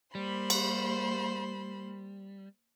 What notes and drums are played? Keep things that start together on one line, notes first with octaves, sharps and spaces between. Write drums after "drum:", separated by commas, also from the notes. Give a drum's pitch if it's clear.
G3 A#3 C5 B5
drum: cymbal